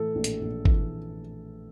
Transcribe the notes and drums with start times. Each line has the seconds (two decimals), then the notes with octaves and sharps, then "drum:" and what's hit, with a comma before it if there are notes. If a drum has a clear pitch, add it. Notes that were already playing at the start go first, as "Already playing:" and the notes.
Already playing: A2 E3 A4
0.15 A#1
0.24 drum: hi-hat
0.41 A#1
0.65 E3, drum: kick G1